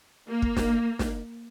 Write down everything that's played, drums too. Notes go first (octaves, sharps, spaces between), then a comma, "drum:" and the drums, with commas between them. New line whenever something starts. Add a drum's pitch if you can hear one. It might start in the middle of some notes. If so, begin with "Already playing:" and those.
A#3
drum: kick
drum: snare
drum: snare